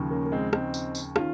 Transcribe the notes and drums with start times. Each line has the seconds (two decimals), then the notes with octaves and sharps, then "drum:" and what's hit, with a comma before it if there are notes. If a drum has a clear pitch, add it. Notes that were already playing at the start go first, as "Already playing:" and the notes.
Already playing: D#2 C#3 F3
0.11 A#3 C#4
0.25 A#3
0.32 G#3 C4
0.53 C4 D#4, drum: rim click
0.74 drum: tambourine
0.95 drum: tambourine
1.16 D#3 C#4 F4, drum: rim click